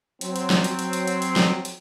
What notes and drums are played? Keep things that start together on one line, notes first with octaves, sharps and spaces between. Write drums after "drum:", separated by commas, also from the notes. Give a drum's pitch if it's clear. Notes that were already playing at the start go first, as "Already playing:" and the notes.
F#3 C4, drum: hi-hat
drum: hi-hat
drum: snare
drum: hi-hat
drum: hi-hat
drum: hi-hat
drum: hi-hat
drum: hi-hat
drum: snare
drum: hi-hat